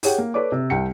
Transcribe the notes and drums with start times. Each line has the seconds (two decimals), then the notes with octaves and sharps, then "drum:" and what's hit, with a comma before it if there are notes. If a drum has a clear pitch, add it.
0.03 G4 G#4 C#5 F#5 G5, drum: open hi-hat
0.18 A#3
0.34 A4 B4 C#5 D5 D6
0.52 C3
0.70 C2 G5 C#7